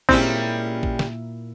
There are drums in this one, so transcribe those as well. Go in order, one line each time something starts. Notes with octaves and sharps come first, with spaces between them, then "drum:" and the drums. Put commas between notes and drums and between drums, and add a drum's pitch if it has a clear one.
A#2 G3 G#3 A#3 C4 C#4 E4, drum: kick
drum: kick
drum: snare